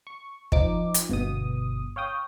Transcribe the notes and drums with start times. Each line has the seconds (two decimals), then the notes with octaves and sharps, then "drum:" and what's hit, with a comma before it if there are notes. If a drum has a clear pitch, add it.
0.07 C#6
0.52 F3 D#4 D6, drum: kick
0.94 drum: hi-hat
1.09 G1 B2 D#6
1.96 C#5 F5 G5 D#6